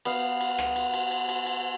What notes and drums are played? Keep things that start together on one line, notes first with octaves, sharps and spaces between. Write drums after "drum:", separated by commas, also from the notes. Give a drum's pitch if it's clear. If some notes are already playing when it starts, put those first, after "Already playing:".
B3 F5, drum: cymbal
drum: cymbal
drum: rim click
drum: cymbal
drum: cymbal
drum: cymbal
drum: cymbal
drum: cymbal